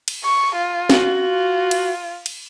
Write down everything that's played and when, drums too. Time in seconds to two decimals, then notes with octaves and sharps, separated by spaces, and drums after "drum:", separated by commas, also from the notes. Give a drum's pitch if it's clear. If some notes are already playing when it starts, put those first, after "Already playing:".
0.08 drum: cymbal
0.24 C#6
0.55 F4
0.90 F#4, drum: snare
1.21 F4
1.71 drum: cymbal
2.26 drum: cymbal